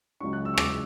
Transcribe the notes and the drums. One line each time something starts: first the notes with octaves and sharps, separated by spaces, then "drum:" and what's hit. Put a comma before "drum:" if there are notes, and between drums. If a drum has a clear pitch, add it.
C#2 C#3 F#3 C#4 C#6
F#6
E6
C#6
D6, drum: rim click